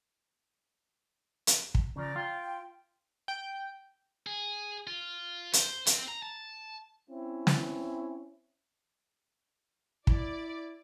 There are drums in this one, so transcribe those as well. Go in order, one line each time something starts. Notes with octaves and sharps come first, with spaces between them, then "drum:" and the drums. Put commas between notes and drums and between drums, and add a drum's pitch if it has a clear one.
drum: hi-hat
drum: kick
C#3 F3 D5 A#5
F4 G5
G5
G#4
F4
C5, drum: hi-hat
C4, drum: hi-hat
A#5
A5
C4 C#4 E4
drum: snare
E4 D5, drum: kick